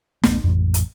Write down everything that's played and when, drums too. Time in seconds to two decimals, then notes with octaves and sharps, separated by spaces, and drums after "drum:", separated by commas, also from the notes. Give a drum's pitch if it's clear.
0.23 D1 A1 A3 B3, drum: snare
0.44 A1 F2
0.74 drum: hi-hat